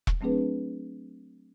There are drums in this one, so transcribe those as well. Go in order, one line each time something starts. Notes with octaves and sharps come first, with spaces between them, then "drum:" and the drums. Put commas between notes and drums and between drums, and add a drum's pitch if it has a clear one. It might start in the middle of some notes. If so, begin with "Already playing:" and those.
drum: kick E1
F#3 A3 C4 D4 G#4 B4